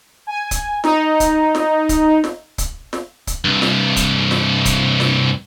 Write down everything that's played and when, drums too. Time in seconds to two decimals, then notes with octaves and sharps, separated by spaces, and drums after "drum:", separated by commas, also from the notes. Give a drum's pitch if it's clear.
0.27 G#5
0.51 drum: kick C#1, hi-hat
0.84 D#4, drum: snare
1.20 drum: kick C#1, hi-hat
1.55 drum: snare
1.89 drum: kick C#1, hi-hat
2.24 drum: snare
2.58 drum: kick C#1, hi-hat
2.93 drum: snare
3.27 drum: kick C#1, hi-hat
3.45 C2 G2
3.62 drum: snare
3.96 drum: kick C#1, hi-hat
4.31 drum: snare
4.65 drum: kick C#1, hi-hat
5.00 drum: snare